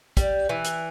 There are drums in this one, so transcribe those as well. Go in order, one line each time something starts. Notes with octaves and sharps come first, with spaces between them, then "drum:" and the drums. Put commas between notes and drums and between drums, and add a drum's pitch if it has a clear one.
G3, drum: kick, hi-hat
E3
drum: hi-hat